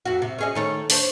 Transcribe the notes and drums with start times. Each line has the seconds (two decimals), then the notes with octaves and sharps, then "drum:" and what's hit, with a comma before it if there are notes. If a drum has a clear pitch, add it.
0.05 F2 F#4
0.22 C3
0.39 C#4 G#4 D#5
0.55 D#3 A3 C#5
0.90 D4 C5 C#5, drum: open hi-hat